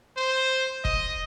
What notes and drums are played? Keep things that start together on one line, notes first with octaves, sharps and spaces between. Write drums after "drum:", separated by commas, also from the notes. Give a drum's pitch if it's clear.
C5
D#5, drum: kick E1